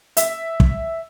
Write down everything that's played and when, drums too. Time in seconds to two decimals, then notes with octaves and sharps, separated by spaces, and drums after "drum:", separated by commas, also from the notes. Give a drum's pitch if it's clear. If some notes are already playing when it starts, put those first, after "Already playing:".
0.17 E5, drum: hi-hat
0.60 drum: kick